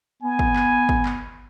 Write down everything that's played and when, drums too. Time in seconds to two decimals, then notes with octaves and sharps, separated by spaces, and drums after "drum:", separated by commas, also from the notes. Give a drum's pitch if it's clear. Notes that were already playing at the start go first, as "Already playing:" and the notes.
0.23 B3 G#5
0.39 drum: kick
0.56 drum: clap
0.89 drum: kick
1.05 drum: clap